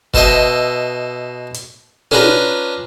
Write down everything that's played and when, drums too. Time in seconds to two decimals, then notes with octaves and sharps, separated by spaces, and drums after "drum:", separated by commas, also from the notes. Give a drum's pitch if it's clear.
0.14 B2 A4 C5 D#5 E5, drum: kick F#1
1.54 drum: hi-hat
2.11 C#4 D4 F4 B4 A#5, drum: tom